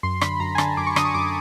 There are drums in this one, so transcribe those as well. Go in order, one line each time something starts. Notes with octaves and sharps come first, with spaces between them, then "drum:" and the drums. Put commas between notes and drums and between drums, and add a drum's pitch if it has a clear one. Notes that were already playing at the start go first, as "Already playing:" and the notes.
F#2 C6
D3 B5, drum: rim click
F#2 A#5
G#5
D3 A5, drum: rim click
F#2 D6
C#6
D3 D#6, drum: rim click
C#6
F#2 D6